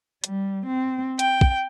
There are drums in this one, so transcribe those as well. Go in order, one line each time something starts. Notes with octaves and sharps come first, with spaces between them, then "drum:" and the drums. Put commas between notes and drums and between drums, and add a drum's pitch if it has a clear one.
G3, drum: hi-hat
C4
G5, drum: hi-hat
drum: kick